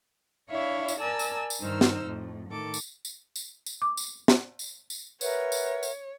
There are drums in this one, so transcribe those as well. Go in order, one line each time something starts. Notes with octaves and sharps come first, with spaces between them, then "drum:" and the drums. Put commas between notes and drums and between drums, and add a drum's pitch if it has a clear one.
D4 E4 C#5 E5 F5
drum: tambourine
A#4 D5 G#5 A5 E6
drum: tambourine
drum: tambourine
G2 D#3 D#4 C5 E6 F6
drum: snare
F2 A2
A2 D#3 A4 D6
drum: tambourine
drum: tambourine
drum: tambourine
drum: tambourine
D6
drum: tambourine
drum: snare
drum: tambourine
drum: tambourine
A#4 B4 C#5 E5 F#5, drum: tambourine
drum: tambourine
drum: tambourine